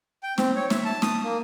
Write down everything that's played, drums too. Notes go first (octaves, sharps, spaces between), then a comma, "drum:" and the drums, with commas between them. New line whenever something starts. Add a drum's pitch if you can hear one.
G5
C4, drum: snare
C#5
E5, drum: snare
A5
D#6, drum: snare
A#3